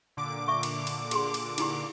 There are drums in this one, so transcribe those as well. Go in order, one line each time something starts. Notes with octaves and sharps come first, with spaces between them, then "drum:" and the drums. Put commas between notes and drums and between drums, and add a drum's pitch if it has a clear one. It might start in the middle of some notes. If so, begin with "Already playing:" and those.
A#2 D3 D6
E5 C#6
drum: cymbal
drum: cymbal
G4 G#4 C6, drum: cymbal
drum: cymbal
D#4 E4 G4, drum: cymbal